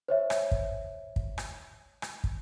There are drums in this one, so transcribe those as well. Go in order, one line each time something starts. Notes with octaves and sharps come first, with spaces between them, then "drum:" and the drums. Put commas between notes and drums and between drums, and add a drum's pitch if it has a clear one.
C5 C#5 E5
drum: rim click
drum: kick
drum: kick
drum: rim click
drum: rim click
drum: kick